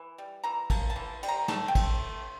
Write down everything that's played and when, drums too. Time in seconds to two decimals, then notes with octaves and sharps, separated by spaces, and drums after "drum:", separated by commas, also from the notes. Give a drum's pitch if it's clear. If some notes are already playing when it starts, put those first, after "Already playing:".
Already playing: E3
0.18 G3
0.44 E3 A#5
0.70 A#3 A5, drum: kick, cymbal
0.90 A5
0.96 E3
1.23 G3, drum: cymbal
1.28 A#5
1.48 A3 A5, drum: snare
1.68 G5
1.75 A3, drum: kick, cymbal